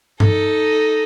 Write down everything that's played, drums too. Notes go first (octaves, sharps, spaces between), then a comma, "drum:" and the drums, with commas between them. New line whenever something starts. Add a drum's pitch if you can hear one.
D#4 A4, drum: tom G2